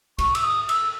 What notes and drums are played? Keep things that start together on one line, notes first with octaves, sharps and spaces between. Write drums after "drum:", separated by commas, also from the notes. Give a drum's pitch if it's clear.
C#6, drum: kick, cymbal
E6, drum: cymbal
D#6
E6, drum: cymbal